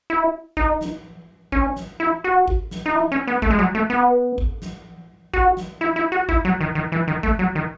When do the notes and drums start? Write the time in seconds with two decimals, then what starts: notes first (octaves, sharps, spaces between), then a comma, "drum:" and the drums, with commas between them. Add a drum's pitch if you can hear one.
0.10 E4
0.57 D#4, drum: kick G#1
0.81 drum: snare
1.52 C#4, drum: kick G#1
1.76 drum: snare
2.00 E4
2.24 F#4
2.48 drum: kick G#1
2.71 drum: snare
2.86 D#4
2.95 E4
3.12 C#4
3.28 B3
3.42 A3, drum: kick G#1
3.50 G#3
3.59 F#3
3.75 A3
3.90 B3
4.38 drum: kick G#1
4.62 drum: snare
5.34 F#4, drum: kick G#1
5.57 drum: snare
5.81 E4
5.96 E4
6.12 F#4
6.29 E4, drum: kick G#1
6.45 F#3
6.61 D#3
6.75 D#3
6.92 E3
7.07 D#3
7.23 A3, drum: kick G#1
7.39 F#3
7.55 D#3